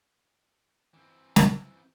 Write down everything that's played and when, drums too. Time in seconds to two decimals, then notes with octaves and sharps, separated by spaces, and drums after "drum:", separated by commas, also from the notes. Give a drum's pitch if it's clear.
0.94 E3 C4
1.36 drum: snare